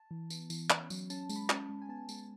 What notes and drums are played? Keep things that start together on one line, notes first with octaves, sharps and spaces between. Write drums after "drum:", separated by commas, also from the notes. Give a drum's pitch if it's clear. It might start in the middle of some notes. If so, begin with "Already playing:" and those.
Already playing: A5
E3
B3, drum: tambourine
E3, drum: tambourine
C#4, drum: clap
F#3, drum: tambourine
C#4 A5, drum: tambourine
A5
G#3, drum: tambourine
B5
C#4 A5, drum: clap
G#3
G#5
B3 A5
G#3, drum: tambourine